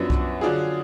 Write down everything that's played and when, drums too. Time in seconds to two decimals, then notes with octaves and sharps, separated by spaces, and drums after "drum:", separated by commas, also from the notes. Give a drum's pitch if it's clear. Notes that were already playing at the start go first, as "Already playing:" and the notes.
Already playing: F#2 F3 B3 D4 F#4
0.10 drum: kick C2
0.41 D3 F#3 D4 F4 G#4